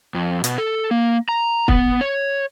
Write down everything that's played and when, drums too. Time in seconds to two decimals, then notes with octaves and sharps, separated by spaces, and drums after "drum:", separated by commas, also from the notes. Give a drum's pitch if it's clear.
0.14 F2
0.44 B2, drum: hi-hat
0.58 A4
0.91 A#3
1.29 A#5
1.68 B3, drum: kick
2.01 C#5